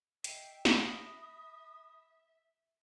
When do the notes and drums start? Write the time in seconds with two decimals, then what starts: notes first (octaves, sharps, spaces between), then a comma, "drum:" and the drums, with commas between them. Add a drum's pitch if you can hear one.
0.24 D#5 E5 G5 C7, drum: hi-hat
0.65 B5 D#6 F#6 A#6, drum: snare